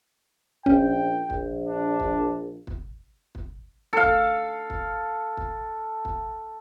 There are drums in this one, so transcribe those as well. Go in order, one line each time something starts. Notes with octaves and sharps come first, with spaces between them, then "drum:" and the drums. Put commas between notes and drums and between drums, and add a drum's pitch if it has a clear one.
A#1 C#4 G5, drum: kick
A#1, drum: kick
D4
drum: kick
drum: kick
drum: kick
A4 F5
drum: kick
drum: kick
drum: kick
drum: kick